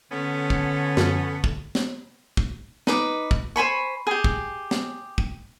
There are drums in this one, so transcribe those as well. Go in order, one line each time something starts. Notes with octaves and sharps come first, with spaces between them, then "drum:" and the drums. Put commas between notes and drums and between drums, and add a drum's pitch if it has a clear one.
D3 A3 B3 C#4
drum: kick
F#2 F3, drum: snare
drum: kick
drum: snare
drum: kick
D#4 B4 D6, drum: snare
drum: kick
C5 G#5 B5 C#6
G4 G#4
drum: kick
drum: snare
drum: kick